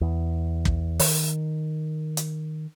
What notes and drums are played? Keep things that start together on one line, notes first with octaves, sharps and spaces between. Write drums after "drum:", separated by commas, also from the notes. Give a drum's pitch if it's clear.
E2
drum: kick
D#3, drum: open hi-hat
drum: hi-hat